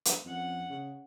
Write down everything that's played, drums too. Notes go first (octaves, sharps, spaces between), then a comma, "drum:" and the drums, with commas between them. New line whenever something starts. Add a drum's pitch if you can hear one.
drum: hi-hat
F2 C#4 F#5
C#3